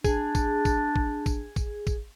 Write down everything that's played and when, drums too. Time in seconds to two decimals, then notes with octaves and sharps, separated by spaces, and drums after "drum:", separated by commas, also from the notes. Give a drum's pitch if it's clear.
0.04 D4 G#4, drum: kick A1, tambourine
0.35 drum: kick A1, tambourine
0.65 drum: kick A1, tambourine
0.96 drum: kick A1
1.26 drum: kick A1, tambourine
1.56 drum: kick A1, tambourine
1.87 drum: kick A1, tambourine